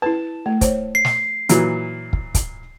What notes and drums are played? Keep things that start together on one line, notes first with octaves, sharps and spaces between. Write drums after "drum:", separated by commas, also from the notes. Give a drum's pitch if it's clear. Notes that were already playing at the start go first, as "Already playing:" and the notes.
E4 B4 A5
A3
C5 C#5, drum: kick, hi-hat
C7
drum: snare
A#2 E3 F#3, drum: hi-hat
drum: kick
drum: kick, hi-hat